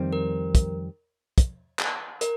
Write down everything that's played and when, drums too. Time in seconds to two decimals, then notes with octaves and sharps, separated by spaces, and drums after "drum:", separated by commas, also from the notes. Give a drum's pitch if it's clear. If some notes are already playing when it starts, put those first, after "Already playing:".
Already playing: F2 D#3 G3 C4
0.13 A#4
0.55 drum: kick, hi-hat
1.38 drum: kick, hi-hat
1.79 drum: clap
2.21 A#4, drum: hi-hat